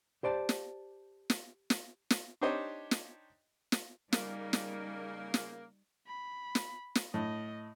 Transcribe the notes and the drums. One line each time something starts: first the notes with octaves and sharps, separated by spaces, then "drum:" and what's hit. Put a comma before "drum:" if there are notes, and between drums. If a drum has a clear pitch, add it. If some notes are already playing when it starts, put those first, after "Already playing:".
G4 C5 D5 A5
drum: snare
drum: snare
drum: snare
drum: snare
D4 D#4 G4 C5 C#5 D#5
drum: snare
drum: snare
C#3 G3 A#3 D#4, drum: snare
drum: snare
drum: snare
B5
drum: snare
drum: snare
A2 D#5